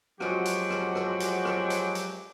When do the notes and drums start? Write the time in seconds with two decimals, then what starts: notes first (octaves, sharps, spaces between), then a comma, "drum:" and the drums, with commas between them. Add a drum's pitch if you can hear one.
0.20 F3 F#3 G#3 F#4 G4, drum: rim click
0.45 drum: hi-hat
0.70 drum: rim click
0.95 drum: rim click
1.20 drum: hi-hat
1.45 drum: rim click
1.70 drum: hi-hat
1.95 drum: hi-hat